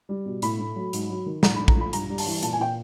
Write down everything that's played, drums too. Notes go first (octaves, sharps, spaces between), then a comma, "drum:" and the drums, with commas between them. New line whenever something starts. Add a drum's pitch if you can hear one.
G3
B2
A2 B5, drum: hi-hat
A3
F#3
G#2, drum: hi-hat
F#3
D#3
A2 A#5, drum: snare
A3 B5
A#5, drum: kick A#1
F3 B5
G2 A#5, drum: hi-hat
G3
A5, drum: open hi-hat
E3
A#2 A5, drum: hi-hat
G#5
A#2 G5